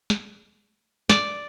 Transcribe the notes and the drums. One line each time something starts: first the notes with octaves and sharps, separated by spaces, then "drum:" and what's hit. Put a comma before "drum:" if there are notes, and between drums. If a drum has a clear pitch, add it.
drum: snare
D5, drum: snare